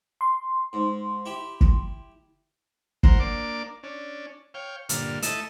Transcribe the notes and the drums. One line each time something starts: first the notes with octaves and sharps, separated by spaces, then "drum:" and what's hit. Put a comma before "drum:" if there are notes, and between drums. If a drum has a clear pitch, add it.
C6
G#2
E4 G4
drum: kick
A#4 C5 F#5, drum: kick
A#3 D4 D6
C#4 D4
C#5 F5 G5
G2 A#2 D3 F5, drum: hi-hat
A3 E4 A4 D#5 E6, drum: hi-hat